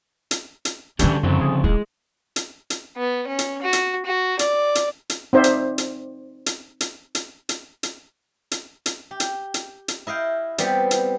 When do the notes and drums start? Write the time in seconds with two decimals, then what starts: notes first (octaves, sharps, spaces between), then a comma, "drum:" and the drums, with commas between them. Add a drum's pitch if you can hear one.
0.31 drum: hi-hat
0.65 drum: hi-hat
0.99 D3 E3 G3 C#4 D4 G4, drum: hi-hat
1.23 F#2 C#3 F3 C4
1.41 G#4
1.64 D#1 G#3 E4
2.36 drum: hi-hat
2.70 drum: hi-hat
2.97 B3
3.28 C#4
3.39 drum: hi-hat
3.62 F#4
3.73 drum: hi-hat
4.06 F#4
4.39 D5, drum: hi-hat
4.75 drum: hi-hat
5.10 drum: hi-hat
5.33 C4 D#4 C5 D5 E5
5.44 drum: hi-hat
5.78 drum: hi-hat
6.46 drum: hi-hat
6.81 drum: hi-hat
7.15 drum: hi-hat
7.49 drum: hi-hat
7.83 drum: hi-hat
8.51 drum: hi-hat
8.86 drum: hi-hat
9.11 G4
9.20 drum: hi-hat
9.54 drum: hi-hat
9.88 drum: hi-hat
10.07 E4 D#5 F5 G5
10.58 G3 B3 C4 G4, drum: hi-hat
10.91 drum: hi-hat